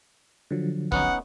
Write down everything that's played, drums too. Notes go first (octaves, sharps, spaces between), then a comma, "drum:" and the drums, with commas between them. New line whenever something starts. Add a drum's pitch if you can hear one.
D3 F3 F#3
B3 C#4 D#4 F#5, drum: kick